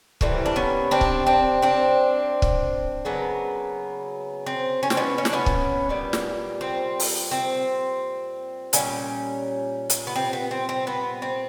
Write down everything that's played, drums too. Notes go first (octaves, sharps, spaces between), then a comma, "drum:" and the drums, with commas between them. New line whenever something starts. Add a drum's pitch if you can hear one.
A2 E3 G3 A#3 C4, drum: kick
D4
B3 C#4
C4 D4
drum: kick
C4 D4
C4 D4
drum: kick
C#3 F#3 A#3 B3
C4
C#4
C4, drum: snare
B3 C#4
C#4
D4, drum: snare
B3 C#4
drum: kick
A#2 G3 B3
drum: snare
C4
drum: open hi-hat
C4
A#2 G3 B3 C#4, drum: hi-hat
drum: hi-hat
B3
C4
B3
C4
C4
B3
C4